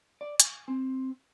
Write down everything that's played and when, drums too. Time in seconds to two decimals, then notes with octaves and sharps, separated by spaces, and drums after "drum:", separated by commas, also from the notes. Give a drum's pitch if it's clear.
0.21 D5
0.40 G#5, drum: hi-hat
0.68 C4